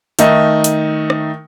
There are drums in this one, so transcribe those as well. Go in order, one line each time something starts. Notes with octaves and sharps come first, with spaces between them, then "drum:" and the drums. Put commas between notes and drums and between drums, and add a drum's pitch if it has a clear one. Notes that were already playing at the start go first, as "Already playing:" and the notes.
D#3 A3 D#4, drum: hi-hat
drum: hi-hat
drum: rim click